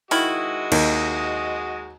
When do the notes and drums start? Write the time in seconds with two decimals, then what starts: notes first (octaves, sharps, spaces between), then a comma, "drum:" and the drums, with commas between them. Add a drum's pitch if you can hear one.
0.11 D#3 G#3 E4 F#4 D#5, drum: open hi-hat
0.72 D#2, drum: cymbal